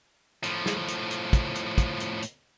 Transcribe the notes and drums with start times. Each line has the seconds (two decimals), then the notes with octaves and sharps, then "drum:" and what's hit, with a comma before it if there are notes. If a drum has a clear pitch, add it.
0.44 A2 F3, drum: hi-hat
0.66 drum: snare
0.88 drum: hi-hat
1.11 drum: hi-hat
1.33 drum: kick, hi-hat
1.55 drum: hi-hat
1.78 drum: kick, hi-hat
2.00 drum: hi-hat
2.22 drum: hi-hat